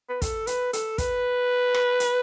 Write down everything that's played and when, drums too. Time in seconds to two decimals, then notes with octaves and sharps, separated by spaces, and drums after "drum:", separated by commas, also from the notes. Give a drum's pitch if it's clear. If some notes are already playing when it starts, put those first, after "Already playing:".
0.10 B4
0.22 A4, drum: kick, hi-hat
0.47 B4, drum: hi-hat
0.73 A4, drum: hi-hat
0.98 B4, drum: kick, hi-hat
1.74 drum: rim click
2.00 drum: hi-hat